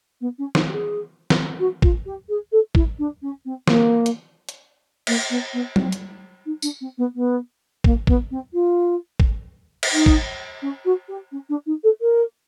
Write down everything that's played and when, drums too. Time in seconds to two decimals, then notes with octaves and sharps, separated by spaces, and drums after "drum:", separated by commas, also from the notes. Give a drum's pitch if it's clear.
0.21 B3
0.38 C#4
0.55 D#4, drum: snare
0.69 G4
0.73 G#4
1.30 drum: snare
1.59 F#4
1.82 F4, drum: kick
2.06 G4
2.29 G#4
2.52 A4
2.75 E4, drum: kick
2.99 D4
3.22 C#4
3.45 C4
3.67 A#3, drum: snare
4.06 drum: hi-hat
4.49 drum: hi-hat
5.07 A#3, drum: cymbal
5.30 B3
5.53 B3
5.76 C4, drum: tom F#3
5.92 drum: hi-hat
6.45 D#4
6.62 D4, drum: tambourine
6.81 C4
6.98 B3
7.15 B3
7.84 A#3, drum: kick
8.07 B3, drum: kick
8.31 C4
8.53 F4
9.20 drum: kick
9.83 drum: cymbal
9.93 D#4
10.06 drum: kick
10.62 C#4
10.85 F#4
11.08 G4
11.32 C#4
11.49 D4
11.66 D#4
11.83 A4
12.01 A#4